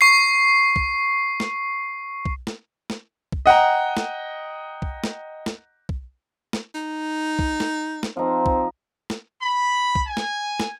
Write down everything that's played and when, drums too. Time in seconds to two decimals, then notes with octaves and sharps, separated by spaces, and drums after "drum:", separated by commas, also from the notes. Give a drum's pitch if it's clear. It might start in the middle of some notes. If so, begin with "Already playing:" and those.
0.01 C#6 C7
0.76 drum: kick
1.40 drum: snare
2.26 drum: kick
2.47 drum: snare
2.90 drum: snare
3.32 drum: kick
3.46 D#5 F#5 G5 A#5
3.97 drum: snare
4.82 drum: kick
5.04 drum: snare
5.46 drum: snare
5.89 drum: kick
6.53 drum: snare
6.75 D#4
7.39 drum: kick
7.60 drum: snare
8.03 drum: snare
8.17 F3 C4 D#4
8.46 drum: kick
9.10 drum: snare
9.42 B5
9.95 drum: kick
10.07 G#5
10.17 drum: snare
10.60 drum: snare